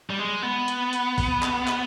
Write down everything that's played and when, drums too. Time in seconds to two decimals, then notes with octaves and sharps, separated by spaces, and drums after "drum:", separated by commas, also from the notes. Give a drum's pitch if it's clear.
0.10 G3
0.19 G#3
0.42 B3
0.68 drum: hi-hat
0.93 drum: hi-hat
1.18 drum: kick, open hi-hat
1.43 drum: clap
1.68 drum: clap